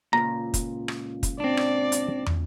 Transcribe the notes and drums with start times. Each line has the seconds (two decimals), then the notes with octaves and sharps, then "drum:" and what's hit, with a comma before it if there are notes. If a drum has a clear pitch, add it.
0.13 C#2 A#2 A#5
0.54 drum: kick, hi-hat
0.88 drum: rim click
1.23 drum: kick, hi-hat
1.40 C4 D4 D5
1.57 drum: rim click
1.92 drum: hi-hat
2.26 drum: tom